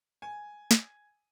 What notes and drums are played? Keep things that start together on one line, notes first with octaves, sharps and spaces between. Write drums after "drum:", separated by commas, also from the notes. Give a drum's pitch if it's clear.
G#5
drum: snare